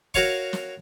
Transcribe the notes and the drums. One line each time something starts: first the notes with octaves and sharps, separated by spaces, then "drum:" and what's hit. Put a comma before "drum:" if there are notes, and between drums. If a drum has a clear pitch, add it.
F#4 A#4 C#5 F5 C#6, drum: kick
drum: snare